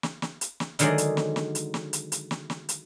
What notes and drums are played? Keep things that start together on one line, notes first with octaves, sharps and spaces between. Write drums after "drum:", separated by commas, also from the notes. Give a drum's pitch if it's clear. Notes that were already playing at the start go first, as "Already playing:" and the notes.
drum: snare
drum: snare
drum: hi-hat
drum: snare
D3 D#3 F#3 G#3 G#4 D5, drum: hi-hat
drum: hi-hat
drum: snare
drum: snare
drum: hi-hat
drum: snare
drum: hi-hat
drum: hi-hat
drum: snare
drum: snare
drum: hi-hat